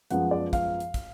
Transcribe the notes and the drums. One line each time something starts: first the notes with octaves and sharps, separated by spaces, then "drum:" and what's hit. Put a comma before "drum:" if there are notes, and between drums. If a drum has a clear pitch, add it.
F#2 F3 G#3 B3 F#5, drum: hi-hat
D5
F5, drum: kick, hi-hat
drum: hi-hat
drum: kick, hi-hat